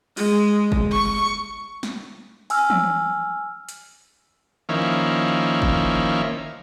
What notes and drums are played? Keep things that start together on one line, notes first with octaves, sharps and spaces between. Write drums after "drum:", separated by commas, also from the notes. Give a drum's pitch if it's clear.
G#3, drum: open hi-hat
drum: kick
C#6
drum: snare
G#5 E6 F6, drum: open hi-hat
drum: tom E3
drum: hi-hat
D#3 F3 A#3 C#4 E4
drum: kick